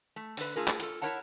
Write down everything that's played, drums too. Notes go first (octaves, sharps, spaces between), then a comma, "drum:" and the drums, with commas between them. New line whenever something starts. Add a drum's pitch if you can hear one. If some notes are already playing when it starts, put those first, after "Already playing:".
A3
D3 B4, drum: open hi-hat
A3 F4 G#4 A#4
drum: clap
F4 A4, drum: hi-hat
E4 F4 A#4 C#5 F#5 A5